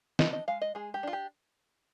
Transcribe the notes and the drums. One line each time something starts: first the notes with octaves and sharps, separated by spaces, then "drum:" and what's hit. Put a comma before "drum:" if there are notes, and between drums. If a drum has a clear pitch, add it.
D4 D#5, drum: snare
D#5
G#3 F5
D#5
G#3 G#4
G4
D4 F4
G4